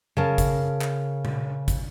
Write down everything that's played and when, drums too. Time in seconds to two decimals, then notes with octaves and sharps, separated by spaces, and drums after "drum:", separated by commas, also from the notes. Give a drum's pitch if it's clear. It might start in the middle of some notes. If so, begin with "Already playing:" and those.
0.17 C#3 A#4 A5
0.38 drum: kick, hi-hat
0.81 drum: clap
1.25 drum: tom A#2
1.68 drum: kick, hi-hat